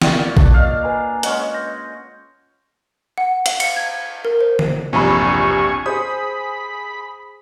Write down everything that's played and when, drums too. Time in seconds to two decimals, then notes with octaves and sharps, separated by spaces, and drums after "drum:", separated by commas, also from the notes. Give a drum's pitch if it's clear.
0.02 A#2 C#6, drum: snare
0.37 D4, drum: kick A#1
0.54 D#5 F5 F6
0.83 B4 G#5 A#5
1.23 G#3 C#4 B4 D#5 F#5, drum: hi-hat
1.54 C6 G6 A#6
3.18 F#5
3.46 F5, drum: hi-hat
3.60 C#7, drum: cymbal
3.76 G#6
4.25 A#4
4.41 C5
4.59 drum: tom D3
4.93 E1 A#1 G2 C3 F3 G#5 B5 C#6
5.86 G#4 C5 B5 D#6 G6